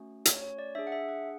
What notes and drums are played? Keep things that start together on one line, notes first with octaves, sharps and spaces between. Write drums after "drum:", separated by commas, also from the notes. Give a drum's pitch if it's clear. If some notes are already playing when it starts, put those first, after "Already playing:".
Already playing: A3 C#4 F#4
C#5, drum: hi-hat
C#5
D5
D4 G#4 E5
F#5
E5
F#5